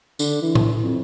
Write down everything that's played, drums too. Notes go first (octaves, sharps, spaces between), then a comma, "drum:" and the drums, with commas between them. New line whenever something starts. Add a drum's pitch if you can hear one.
D3, drum: tambourine
E3
drum: tom
F2